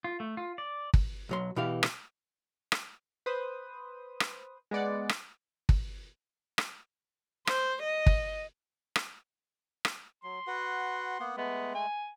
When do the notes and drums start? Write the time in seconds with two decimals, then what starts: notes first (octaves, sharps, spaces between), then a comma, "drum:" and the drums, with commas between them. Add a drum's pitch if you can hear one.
0.04 F4
0.20 A3
0.37 F4
0.58 D5
0.94 drum: kick
1.29 B1 F#3 C6
1.56 B2 E3 G4 F5
1.83 drum: rim click
2.72 drum: rim click
3.26 B4 C5 D#6
4.20 drum: rim click
4.71 G#3 B3 D5 F#5
5.09 drum: rim click
5.69 drum: kick
6.58 drum: rim click
7.47 C5, drum: rim click
7.83 D#5
8.06 drum: kick
8.96 drum: rim click
9.85 drum: rim click
10.23 F#3 C6
10.47 F#4 B4 F#5
11.20 A#3 B3 F#5
11.37 G#3 A3 B3
11.75 G#5